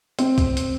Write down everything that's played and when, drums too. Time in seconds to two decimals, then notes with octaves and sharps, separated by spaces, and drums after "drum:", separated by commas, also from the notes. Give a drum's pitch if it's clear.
0.19 C4, drum: hi-hat
0.38 drum: kick, hi-hat
0.57 drum: hi-hat